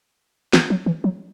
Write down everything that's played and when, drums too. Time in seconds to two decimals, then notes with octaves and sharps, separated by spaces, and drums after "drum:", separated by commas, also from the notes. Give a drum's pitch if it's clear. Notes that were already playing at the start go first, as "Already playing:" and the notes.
0.53 E3, drum: snare
0.70 F#3
0.86 E3
1.04 F#3